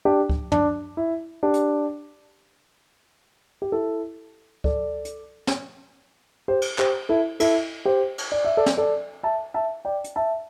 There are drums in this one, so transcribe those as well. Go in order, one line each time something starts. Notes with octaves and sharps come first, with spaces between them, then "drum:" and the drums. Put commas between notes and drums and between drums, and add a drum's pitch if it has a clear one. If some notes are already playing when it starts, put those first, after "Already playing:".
D4 G4
drum: kick C#2
D4, drum: tom
E4
D4 G4
drum: hi-hat
G4
E4 A4
A4 D5, drum: kick C#2
drum: hi-hat
drum: snare
G4 C5
drum: cymbal
G4 C5, drum: clap
E4 A4
E4 A4, drum: cymbal
G4 C5
drum: cymbal
D5
E5
A4 D5
drum: snare
A4 D5
E5 A5
E5 A5
D5 G5
drum: hi-hat
E5 A5